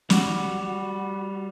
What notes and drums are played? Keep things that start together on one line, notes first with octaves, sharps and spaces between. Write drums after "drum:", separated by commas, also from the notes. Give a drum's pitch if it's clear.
G3 F#4, drum: snare